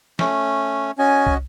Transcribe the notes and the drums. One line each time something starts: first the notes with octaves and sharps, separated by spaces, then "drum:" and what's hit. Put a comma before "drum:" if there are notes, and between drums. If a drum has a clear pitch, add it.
A3 C#4, drum: snare
C#4 F#4 D#5 G#5
drum: kick